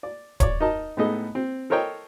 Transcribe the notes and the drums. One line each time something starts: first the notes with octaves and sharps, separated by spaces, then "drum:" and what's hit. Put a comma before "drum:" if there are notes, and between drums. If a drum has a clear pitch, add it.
D5
C#5 D5, drum: kick D1, hi-hat
D#4 A#4 D#5 A5
A2 G#3 B3 D#4 A4 D#5
C4
A4 A#4 C5 C#5 D#5 G5